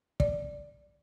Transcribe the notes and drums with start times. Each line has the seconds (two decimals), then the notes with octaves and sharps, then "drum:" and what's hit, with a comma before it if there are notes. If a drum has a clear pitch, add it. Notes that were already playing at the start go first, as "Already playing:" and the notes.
0.20 D5, drum: kick